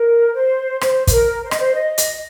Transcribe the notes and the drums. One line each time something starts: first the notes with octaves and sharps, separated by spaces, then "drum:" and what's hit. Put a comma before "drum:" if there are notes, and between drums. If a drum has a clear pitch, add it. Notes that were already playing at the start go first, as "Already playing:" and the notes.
Already playing: A#4
C5
C5, drum: rim click
C5, drum: kick, hi-hat
A#4
C5
D#5, drum: rim click
C5
D#5
drum: hi-hat